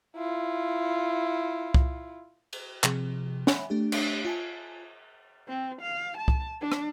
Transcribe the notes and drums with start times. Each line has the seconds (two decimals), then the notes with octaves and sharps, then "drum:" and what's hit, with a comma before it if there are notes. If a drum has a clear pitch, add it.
0.16 E4 F4
1.74 drum: kick C2
2.53 drum: cymbal
2.84 C3 F3 G#4, drum: clap
3.47 C#5 E5 F#5 G#5 B5 F#6, drum: snare
3.70 A3 D4 G4
3.92 drum: cymbal
4.25 F4 G#5 A5
5.48 C4
5.82 F5
6.18 A5
6.28 drum: kick C2
6.61 D4
6.72 drum: rim click